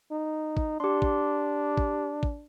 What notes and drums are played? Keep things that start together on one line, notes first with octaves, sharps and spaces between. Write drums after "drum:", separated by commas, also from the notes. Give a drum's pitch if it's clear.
D#4
drum: kick
D4 G4 C6
drum: kick
drum: kick
drum: kick